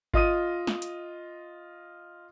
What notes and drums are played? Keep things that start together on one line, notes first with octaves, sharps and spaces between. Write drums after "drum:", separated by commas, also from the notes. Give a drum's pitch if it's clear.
F4 D#5 D#6 D#7, drum: kick G1
drum: snare
drum: hi-hat